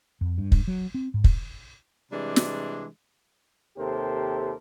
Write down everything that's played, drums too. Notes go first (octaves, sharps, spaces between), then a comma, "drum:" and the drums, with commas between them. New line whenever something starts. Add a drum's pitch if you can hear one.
F2
G2
drum: kick
F#3
C4
G#2
drum: kick
C3 E3 G3 G#3 D4
drum: snare
D#2 C3 G4 A4 A#4 C5